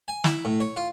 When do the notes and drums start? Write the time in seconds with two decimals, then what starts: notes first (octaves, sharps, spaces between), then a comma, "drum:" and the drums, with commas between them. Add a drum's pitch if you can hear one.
0.08 G#5
0.24 E4, drum: snare
0.45 A2
0.60 C#5
0.76 F4